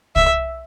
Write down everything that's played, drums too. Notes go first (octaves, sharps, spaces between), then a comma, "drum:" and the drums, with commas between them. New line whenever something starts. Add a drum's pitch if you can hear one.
E5, drum: kick C2